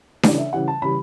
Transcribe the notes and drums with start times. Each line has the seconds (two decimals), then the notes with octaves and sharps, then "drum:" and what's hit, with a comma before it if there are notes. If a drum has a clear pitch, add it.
0.23 C#3 E3 G3 D5, drum: snare D4
0.38 E5
0.53 C#3 E3 G3 F#5
0.68 A5
0.82 C#3 E3 G3 B5